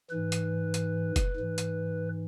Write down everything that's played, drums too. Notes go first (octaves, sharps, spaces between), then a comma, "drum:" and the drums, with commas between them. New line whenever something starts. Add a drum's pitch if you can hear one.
G#2 E3 B4
drum: hi-hat
drum: hi-hat
drum: kick F1, hi-hat
G#2 E3
drum: hi-hat